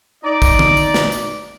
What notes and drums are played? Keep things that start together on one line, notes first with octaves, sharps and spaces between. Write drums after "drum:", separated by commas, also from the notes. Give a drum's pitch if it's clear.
D#4 D5
drum: kick, tambourine
drum: tom D3
drum: tambourine
drum: snare
drum: tambourine